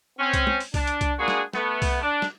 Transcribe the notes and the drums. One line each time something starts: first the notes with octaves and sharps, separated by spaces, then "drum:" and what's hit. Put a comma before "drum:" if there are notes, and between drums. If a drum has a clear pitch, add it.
C4 C#4
drum: kick C2, hi-hat
drum: tom
drum: open hi-hat
D4, drum: kick C2, open hi-hat
drum: hi-hat
drum: kick C2, hi-hat
G#3 A#3 D4 F#4 G#4
drum: snare
A3 B3, drum: snare
drum: kick C2, open hi-hat
D4
drum: snare